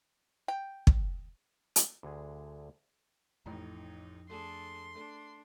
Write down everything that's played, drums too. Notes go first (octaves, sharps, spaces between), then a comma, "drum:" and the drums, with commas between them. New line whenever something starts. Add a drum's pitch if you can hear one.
G5
drum: kick
drum: hi-hat
D2 D3 G#4
A1 F2 A2 D#4 A#5
A3 D4 G#4 A4 C6
A3 D4